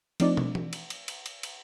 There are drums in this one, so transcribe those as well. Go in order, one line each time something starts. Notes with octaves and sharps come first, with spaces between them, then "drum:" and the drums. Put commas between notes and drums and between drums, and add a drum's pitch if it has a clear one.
F3 A3 C4 D4 D#4 D5, drum: cymbal
drum: tom
drum: tom E3
drum: cymbal
drum: cymbal
drum: cymbal
drum: cymbal
drum: cymbal